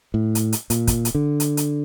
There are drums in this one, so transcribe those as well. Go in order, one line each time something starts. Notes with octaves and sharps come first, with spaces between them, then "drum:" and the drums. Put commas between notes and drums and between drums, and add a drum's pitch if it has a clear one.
A2
drum: hi-hat
drum: hi-hat
A#2, drum: hi-hat
drum: kick, hi-hat
drum: hi-hat
D3
drum: hi-hat
drum: hi-hat